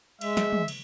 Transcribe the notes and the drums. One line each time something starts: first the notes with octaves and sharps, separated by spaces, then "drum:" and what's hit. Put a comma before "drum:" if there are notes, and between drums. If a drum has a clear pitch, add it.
G#3 E5, drum: cymbal
drum: snare
drum: tom
drum: cymbal